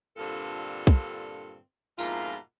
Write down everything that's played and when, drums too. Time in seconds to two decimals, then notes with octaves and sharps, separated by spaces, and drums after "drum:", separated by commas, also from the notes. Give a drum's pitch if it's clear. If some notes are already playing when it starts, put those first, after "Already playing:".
0.17 G2 A#2 D3 C4 F4 A4
0.87 drum: kick
1.99 F2 G#2 B2 A#3 E4 F4, drum: tambourine